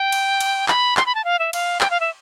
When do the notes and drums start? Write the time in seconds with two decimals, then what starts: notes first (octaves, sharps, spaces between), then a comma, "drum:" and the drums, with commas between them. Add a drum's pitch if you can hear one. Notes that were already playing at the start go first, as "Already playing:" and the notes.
Already playing: G5
0.12 drum: cymbal
0.41 drum: cymbal
0.68 B5, drum: clap
0.97 C6, drum: clap
1.06 B5
1.15 A5
1.25 F5
1.39 E5
1.53 F5, drum: cymbal
1.81 G5, drum: clap
1.90 F5
2.00 E5